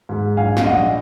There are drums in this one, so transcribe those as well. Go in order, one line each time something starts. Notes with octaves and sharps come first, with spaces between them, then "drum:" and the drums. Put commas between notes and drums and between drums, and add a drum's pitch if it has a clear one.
G#2
A#1 F5 G#5
F5, drum: snare F#3
A#1 D#5 F#5